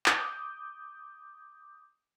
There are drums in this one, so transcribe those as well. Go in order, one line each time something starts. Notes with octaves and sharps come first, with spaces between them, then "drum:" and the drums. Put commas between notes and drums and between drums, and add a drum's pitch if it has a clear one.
D6 D#6 G6, drum: clap